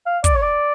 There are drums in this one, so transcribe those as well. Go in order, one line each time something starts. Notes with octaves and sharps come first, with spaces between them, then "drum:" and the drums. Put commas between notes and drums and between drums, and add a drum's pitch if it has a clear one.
F5
D5, drum: kick, hi-hat
C#5
D5